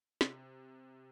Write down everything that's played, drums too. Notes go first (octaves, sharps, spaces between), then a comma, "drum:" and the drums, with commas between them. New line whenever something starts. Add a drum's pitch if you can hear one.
C3, drum: snare